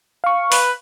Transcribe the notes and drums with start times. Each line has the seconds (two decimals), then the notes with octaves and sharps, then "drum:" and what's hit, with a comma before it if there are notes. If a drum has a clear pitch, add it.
0.24 F5 C#6
0.52 B4, drum: open hi-hat